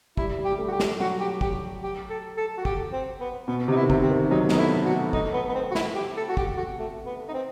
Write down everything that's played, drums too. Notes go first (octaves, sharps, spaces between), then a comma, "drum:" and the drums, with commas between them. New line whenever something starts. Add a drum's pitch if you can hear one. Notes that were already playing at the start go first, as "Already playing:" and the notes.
G3 E4, drum: kick
G3
G4
G3
A3
F#4
G4
A3, drum: snare
F#3 F#4
G4
G4, drum: kick
G4
A4
A4
F#4
G4, drum: kick
C4
B3
B2 B3
C3 D#4
E4
D#3
C3, drum: kick
C4
D#3
F#3 D#4
B3 D#4, drum: snare
A3 E4
F#3 F#4
A3 D#4, drum: kick
B3
B3
C4
F#4
E4, drum: snare
G4
A4
F#4
G4, drum: kick
F#4
A3
B3
D#4
C4